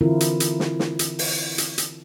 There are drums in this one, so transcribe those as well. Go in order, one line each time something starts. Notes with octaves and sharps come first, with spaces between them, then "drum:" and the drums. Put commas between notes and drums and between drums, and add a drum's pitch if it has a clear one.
D3 E3 C4 E4 F4 A#4
drum: hi-hat
drum: hi-hat
drum: snare
drum: snare
drum: hi-hat
drum: open hi-hat
drum: hi-hat
drum: hi-hat